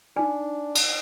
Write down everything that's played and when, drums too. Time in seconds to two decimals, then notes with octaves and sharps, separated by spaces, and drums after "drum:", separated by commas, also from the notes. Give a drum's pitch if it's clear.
0.16 D4 D#4 G#5
0.75 A5, drum: cymbal